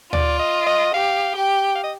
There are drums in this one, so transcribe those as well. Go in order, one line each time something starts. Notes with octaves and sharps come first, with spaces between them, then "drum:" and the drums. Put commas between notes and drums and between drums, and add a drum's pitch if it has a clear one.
F4 D5, drum: tom
D#5
D#5
G4 F5
G4 G5
F5
D#5